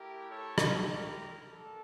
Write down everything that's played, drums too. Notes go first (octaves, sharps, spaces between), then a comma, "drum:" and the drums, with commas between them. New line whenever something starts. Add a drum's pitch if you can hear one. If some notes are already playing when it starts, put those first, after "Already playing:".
Already playing: A3 E4 G4 A#4
A4 C#5
drum: rim click
G4 A#4
A#3 D4 A4